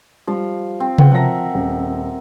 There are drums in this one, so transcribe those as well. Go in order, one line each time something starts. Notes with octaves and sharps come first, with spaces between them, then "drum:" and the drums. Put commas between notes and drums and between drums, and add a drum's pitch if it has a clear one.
F3 G3
C4
B4 F#5 G5, drum: tom C3
F3 A#4 E5 F#5 A5 A#6
D#1